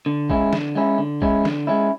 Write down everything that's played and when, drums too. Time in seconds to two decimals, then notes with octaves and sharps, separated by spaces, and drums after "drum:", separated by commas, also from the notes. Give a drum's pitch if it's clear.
0.06 D3
0.30 G#3 C#4 E4, drum: kick
0.53 D3, drum: snare
0.75 G#3 C#4 E4
0.98 D3
1.22 G#3 C#4 E4, drum: kick
1.45 D3, drum: snare
1.67 G#3 C#4 E4